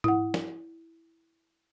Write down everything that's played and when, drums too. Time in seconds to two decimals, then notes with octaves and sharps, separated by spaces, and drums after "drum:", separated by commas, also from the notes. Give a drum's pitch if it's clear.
0.04 E4 F#5, drum: tom G#2
0.34 drum: snare